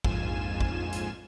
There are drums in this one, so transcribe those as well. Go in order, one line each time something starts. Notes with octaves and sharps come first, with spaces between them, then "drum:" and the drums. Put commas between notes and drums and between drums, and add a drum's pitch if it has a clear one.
A#1 F2 G#2 F4 G#5 E7, drum: kick
drum: kick
drum: hi-hat